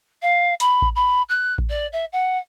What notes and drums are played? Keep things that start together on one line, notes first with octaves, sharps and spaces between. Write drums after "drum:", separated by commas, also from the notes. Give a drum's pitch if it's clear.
F5
B5, drum: hi-hat
drum: kick A1
B5
F#6
drum: kick A1
D5
E5
F#5